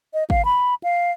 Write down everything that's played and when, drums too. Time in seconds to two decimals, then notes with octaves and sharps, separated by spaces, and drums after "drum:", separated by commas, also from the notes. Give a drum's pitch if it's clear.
0.14 D#5
0.30 F5, drum: kick
0.45 B5
0.84 F5